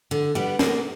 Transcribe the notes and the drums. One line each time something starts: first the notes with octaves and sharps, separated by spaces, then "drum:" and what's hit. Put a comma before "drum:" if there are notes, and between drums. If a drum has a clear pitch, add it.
D3
G3 B3 D4
A#3, drum: snare